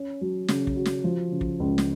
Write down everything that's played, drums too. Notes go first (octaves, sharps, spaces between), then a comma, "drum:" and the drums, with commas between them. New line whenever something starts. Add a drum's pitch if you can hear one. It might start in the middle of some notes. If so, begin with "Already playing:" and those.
Already playing: C#4
F#3
C#3, drum: snare
drum: kick
F#4
drum: snare
F3
C#3
drum: kick
C#2
drum: snare